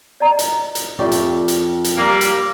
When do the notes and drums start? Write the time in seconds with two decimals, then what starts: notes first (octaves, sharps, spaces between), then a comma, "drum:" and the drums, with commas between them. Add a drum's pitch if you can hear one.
0.20 D5 D#5 A#5
0.39 drum: hi-hat
0.75 drum: hi-hat
0.99 F2 G4 D5 E5 G5
1.12 drum: hi-hat
1.48 drum: hi-hat
1.84 drum: hi-hat
1.97 G3 A#3
2.21 drum: hi-hat